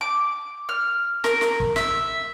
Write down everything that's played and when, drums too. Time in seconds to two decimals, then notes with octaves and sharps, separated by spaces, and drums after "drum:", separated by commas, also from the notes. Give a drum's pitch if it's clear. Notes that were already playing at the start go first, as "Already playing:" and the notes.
0.01 D6
0.69 F6
1.24 A#4, drum: snare
1.41 drum: snare
1.60 drum: kick
1.76 E5, drum: snare